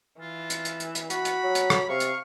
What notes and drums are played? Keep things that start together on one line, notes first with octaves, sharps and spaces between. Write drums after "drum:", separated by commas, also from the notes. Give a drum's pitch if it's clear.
E3 F4
drum: hi-hat
drum: hi-hat
drum: hi-hat
drum: hi-hat
F#4 B5, drum: hi-hat
drum: hi-hat
F#3
drum: hi-hat
drum: rim click
C3 F5 C#6
drum: hi-hat